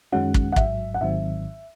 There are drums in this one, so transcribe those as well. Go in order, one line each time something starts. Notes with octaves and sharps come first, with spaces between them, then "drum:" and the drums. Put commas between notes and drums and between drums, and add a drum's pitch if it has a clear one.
F#2 D#3 G#3 C#4 F#4 F#5
drum: kick
F#5
A1 G#2 F#3 E5, drum: kick
F#5
G#1 G#2 D#3 F#3 C4 E5